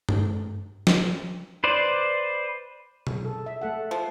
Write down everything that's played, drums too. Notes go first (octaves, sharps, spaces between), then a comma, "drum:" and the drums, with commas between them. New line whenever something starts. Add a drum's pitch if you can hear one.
drum: tom G2
drum: snare
B4 C5 D5
G#4, drum: tom B2
A4
E5
A3 A4 F#5
F3